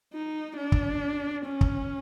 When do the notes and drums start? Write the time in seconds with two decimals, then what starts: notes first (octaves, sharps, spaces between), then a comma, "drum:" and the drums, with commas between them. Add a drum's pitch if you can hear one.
0.13 D#4
0.57 D4
0.72 drum: kick
1.45 C#4
1.61 drum: kick